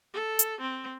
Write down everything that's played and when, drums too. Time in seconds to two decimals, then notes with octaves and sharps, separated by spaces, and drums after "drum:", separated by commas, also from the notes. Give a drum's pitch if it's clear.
0.13 A4
0.39 drum: hi-hat
0.61 C4